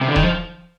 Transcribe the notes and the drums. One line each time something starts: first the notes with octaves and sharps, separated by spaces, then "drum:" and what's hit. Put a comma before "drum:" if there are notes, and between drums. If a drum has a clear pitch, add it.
C3
D3
D#3, drum: kick D#1
F3